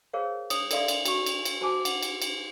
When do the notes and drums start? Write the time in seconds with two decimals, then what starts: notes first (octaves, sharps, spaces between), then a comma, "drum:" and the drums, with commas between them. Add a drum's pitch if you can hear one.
0.13 G#4 A#4 C5 C#5 F5
0.50 C#5 D#6, drum: cymbal
0.71 A4 A#4 D5 E5 F5 C6, drum: cymbal
0.88 drum: cymbal
1.05 F#4 C#6, drum: cymbal
1.26 drum: cymbal
1.45 drum: cymbal
1.61 F#4 C5 G#5 A5 D6
1.85 F#5, drum: cymbal
2.03 drum: cymbal
2.22 drum: cymbal